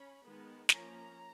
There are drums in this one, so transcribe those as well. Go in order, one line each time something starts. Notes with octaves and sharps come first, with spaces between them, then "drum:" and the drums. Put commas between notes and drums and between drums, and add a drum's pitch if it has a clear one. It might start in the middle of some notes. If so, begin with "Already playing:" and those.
Already playing: C#4 B5
D#3 G#3 B3
F3 A#3 C#4 A#5, drum: snare